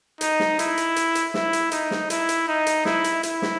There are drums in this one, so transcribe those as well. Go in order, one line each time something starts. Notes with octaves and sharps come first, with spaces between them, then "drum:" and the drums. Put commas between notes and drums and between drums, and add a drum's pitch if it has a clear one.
D#4, drum: hi-hat
drum: snare
E4, drum: hi-hat
drum: hi-hat
drum: hi-hat
drum: hi-hat
E4, drum: snare
drum: hi-hat
D#4, drum: hi-hat
drum: snare
E4, drum: hi-hat
drum: hi-hat
D#4
drum: hi-hat
E4, drum: snare
drum: hi-hat
E4, drum: hi-hat
drum: snare